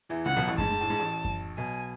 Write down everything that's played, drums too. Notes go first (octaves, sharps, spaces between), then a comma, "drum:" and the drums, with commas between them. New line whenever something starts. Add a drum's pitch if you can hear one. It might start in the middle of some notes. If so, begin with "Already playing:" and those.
E2 E3
C#2 C#3 F#5
B1 B2
A1 A2
G#2 A5, drum: kick F#2
G#2
A2
G#2
A1 A2
drum: kick F#2
B1 B2 G#5